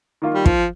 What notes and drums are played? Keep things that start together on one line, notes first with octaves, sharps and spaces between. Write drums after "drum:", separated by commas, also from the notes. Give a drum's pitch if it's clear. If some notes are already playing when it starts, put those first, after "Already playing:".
D#3 A#3 F4
G3
F3, drum: kick